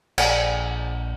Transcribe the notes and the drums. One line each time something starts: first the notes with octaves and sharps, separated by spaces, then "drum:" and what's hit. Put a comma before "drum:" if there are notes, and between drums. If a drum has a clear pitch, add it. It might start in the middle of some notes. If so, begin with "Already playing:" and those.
A#1 G#4 D5 G#5, drum: cymbal